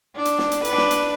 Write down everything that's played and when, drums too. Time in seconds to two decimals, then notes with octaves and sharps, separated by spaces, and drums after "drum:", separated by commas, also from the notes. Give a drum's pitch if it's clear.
0.16 D4
0.25 drum: hi-hat
0.38 drum: snare
0.52 drum: hi-hat
0.65 D4 B4, drum: hi-hat
0.78 drum: snare
0.91 drum: hi-hat